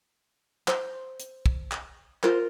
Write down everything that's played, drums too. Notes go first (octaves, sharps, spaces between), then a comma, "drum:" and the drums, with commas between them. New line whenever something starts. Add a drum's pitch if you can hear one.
C5, drum: clap
drum: hi-hat
drum: kick
drum: clap
F4 A#4 C5, drum: clap